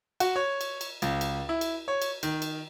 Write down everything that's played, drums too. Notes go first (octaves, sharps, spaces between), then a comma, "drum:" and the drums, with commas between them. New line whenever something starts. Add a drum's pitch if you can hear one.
F#4, drum: cymbal
C#5
drum: cymbal
drum: cymbal
C#2, drum: cymbal
drum: cymbal
E4
drum: cymbal
C#5
drum: cymbal
D#3, drum: cymbal
drum: cymbal